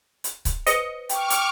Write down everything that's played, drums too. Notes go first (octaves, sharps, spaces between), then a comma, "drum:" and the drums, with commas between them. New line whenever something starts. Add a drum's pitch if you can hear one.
drum: hi-hat
drum: kick C#1, hi-hat
B4 C5 D#5 C#7, drum: hi-hat
G5 C#6 D6 F6, drum: hi-hat
drum: hi-hat